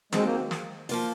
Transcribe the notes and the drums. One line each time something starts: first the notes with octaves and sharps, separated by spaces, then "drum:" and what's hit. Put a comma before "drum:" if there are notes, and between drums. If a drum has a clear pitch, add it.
D#2 D#3 F#3 G#3 C4, drum: snare
A#3
drum: snare
F3 A#3 F4, drum: open hi-hat